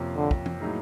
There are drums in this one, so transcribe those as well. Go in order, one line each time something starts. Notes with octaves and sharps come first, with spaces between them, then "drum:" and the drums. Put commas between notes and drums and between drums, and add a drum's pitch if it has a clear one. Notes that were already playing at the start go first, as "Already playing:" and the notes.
Already playing: F2 C3 F3 A#3 C#4
D3
drum: kick
drum: tom
A2 F#3 A#3 D#4 G#4